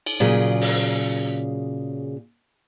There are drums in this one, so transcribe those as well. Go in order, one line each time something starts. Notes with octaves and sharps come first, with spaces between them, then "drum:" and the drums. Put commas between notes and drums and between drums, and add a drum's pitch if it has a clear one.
drum: cymbal
A#2 C#3 F#3 G#4
drum: open hi-hat